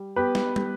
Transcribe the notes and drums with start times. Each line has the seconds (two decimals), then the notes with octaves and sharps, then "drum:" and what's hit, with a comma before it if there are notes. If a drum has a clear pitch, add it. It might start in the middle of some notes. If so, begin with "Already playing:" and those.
Already playing: G3
0.16 B3 G4 B4
0.35 drum: snare
0.56 G3, drum: tom